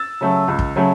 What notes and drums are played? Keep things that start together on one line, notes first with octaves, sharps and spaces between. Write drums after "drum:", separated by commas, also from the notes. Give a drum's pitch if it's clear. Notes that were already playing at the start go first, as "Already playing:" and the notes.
Already playing: E6 A6
C#3 F#3 A3
C#2
drum: kick
C#3 F#3 A3